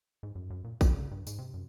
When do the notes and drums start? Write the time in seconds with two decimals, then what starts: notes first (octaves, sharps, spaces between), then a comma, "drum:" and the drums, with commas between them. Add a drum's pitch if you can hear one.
0.23 G#2
0.35 F#2
0.50 F#2
0.64 A#2
0.81 F#1, drum: kick, tambourine
0.94 C#3
1.11 G2
1.27 G#2, drum: tambourine
1.38 C3
1.54 F#2